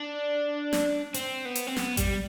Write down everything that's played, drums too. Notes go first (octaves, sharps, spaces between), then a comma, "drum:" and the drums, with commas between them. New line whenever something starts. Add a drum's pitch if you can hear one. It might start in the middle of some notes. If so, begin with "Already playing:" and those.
Already playing: D4
drum: snare
C4, drum: hi-hat
B3
drum: hi-hat
C4
B3, drum: snare
G3, drum: kick A1, hi-hat